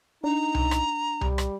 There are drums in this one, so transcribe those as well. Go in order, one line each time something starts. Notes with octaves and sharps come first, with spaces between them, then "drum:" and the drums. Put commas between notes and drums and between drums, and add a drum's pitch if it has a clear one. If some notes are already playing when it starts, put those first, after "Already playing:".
D4 D#4 A#5
drum: tom C2
drum: rim click
G3, drum: tom C2
drum: rim click